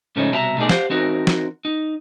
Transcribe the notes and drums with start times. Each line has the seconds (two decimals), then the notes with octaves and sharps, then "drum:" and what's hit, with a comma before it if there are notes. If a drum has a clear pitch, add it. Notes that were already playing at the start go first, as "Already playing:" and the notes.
0.16 G#2 C#3 F3 A3 C#4 D#4
0.31 C2 B2 D4 E4 E5 A#5
0.57 B2 A3 A#3 D#4 G#4 D5
0.69 G4 C5 F5 F#5, drum: snare
0.90 E3 C4 D#4 F#4 A#4
1.27 drum: snare
1.65 D#4